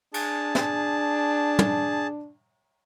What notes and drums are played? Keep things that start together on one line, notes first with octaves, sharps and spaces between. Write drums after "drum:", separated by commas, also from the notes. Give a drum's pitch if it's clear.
D4 G#4 A5, drum: cymbal
drum: snare
drum: tom